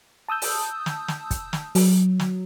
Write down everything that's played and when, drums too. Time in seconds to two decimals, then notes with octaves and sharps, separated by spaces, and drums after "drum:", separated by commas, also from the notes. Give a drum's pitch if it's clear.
0.28 A5 D#6 E6 G6
0.42 drum: open hi-hat
0.86 drum: snare
1.08 drum: snare
1.31 drum: kick, hi-hat
1.53 drum: snare
1.75 F#3, drum: open hi-hat
2.20 drum: snare